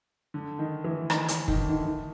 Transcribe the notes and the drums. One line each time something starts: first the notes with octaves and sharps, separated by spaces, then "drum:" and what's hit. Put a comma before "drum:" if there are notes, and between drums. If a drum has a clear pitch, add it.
D3
D#3
E3
D#3, drum: rim click
drum: hi-hat
D#3, drum: kick
D3
D#3
D#3